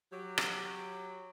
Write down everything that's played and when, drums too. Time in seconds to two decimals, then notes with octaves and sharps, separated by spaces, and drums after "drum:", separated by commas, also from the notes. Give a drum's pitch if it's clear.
0.12 F#3 G4
0.38 drum: rim click